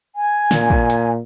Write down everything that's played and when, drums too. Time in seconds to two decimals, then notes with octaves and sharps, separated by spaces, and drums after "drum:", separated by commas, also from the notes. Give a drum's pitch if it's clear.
0.16 G#5
0.51 A#2, drum: snare
0.70 drum: kick
0.90 drum: hi-hat